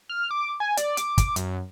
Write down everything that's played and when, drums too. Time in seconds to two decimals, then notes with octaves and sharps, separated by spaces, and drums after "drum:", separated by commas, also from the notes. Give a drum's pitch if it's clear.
0.09 F6
0.31 D6
0.60 G#5
0.77 D5, drum: hi-hat
0.97 D6, drum: hi-hat
1.18 drum: kick, hi-hat
1.36 F#2, drum: hi-hat